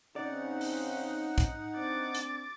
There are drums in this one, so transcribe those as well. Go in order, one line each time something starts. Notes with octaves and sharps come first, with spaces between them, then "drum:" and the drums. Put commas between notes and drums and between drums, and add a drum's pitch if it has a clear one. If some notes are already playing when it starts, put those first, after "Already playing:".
C#3 C4 D#4 D5 F#5
drum: open hi-hat
drum: kick, hi-hat
C4 D4 D6 A6
drum: hi-hat